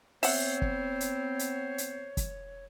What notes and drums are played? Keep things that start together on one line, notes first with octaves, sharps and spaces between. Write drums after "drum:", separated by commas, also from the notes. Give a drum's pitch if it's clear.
B3 C4 C5 C#5 E5 F#5, drum: open hi-hat
drum: kick
drum: hi-hat
drum: hi-hat
drum: hi-hat
drum: kick, hi-hat